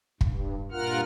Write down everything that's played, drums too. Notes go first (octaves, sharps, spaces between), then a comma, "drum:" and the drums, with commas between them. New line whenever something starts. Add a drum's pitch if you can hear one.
G2, drum: kick
G2 A#2 F4 A#4 F#5 F6